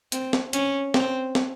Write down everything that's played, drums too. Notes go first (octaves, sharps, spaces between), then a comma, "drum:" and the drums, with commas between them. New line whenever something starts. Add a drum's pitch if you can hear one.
C4, drum: hi-hat
drum: snare
C#4, drum: hi-hat
C4, drum: snare
drum: snare